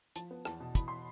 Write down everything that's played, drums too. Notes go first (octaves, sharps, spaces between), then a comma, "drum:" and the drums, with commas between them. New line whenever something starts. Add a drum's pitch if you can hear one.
F3 A5, drum: hi-hat
B3
E2 A5, drum: rim click
B2
E3 B5, drum: kick, hi-hat
C6